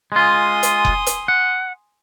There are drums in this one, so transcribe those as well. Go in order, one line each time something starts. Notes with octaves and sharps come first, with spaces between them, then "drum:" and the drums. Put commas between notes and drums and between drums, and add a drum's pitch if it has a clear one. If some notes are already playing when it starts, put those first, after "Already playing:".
G#3 F4 G#5 C6 D#6
drum: hi-hat
drum: kick F1
drum: hi-hat
F#5